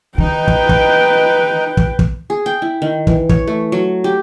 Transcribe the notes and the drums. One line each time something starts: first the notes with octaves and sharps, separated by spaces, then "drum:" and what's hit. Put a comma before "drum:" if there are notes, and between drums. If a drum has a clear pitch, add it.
D#3 D#4 B4 G5
drum: kick
drum: kick
drum: kick
drum: kick
G#4
G5
E4
D#3
E3, drum: kick
C#5, drum: kick
A3
F#3
G4